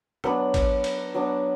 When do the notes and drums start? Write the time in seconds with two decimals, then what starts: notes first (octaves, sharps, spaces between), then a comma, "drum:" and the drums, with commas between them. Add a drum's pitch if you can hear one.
0.24 F#3 B3 D4 B4, drum: rim click
0.54 drum: kick G#1, cymbal
0.84 drum: cymbal
1.14 F#3 B3 D4